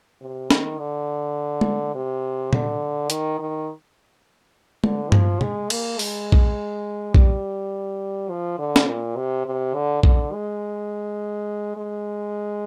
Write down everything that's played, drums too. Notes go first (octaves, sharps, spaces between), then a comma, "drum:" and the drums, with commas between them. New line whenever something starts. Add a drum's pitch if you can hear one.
C3
D#3, drum: snare
D3
drum: tom G#3
C3
D3, drum: tom A#2
D#3, drum: hi-hat
D#3
D3, drum: tom G#3
F3, drum: tom G2
G#3, drum: tom
A#3, drum: cymbal
G#3, drum: open hi-hat
drum: kick A#1
G3, drum: kick A#1
F3
D3
drum: snare
A#2
C3
C3
D3
D3, drum: kick A#1
G#3
G#3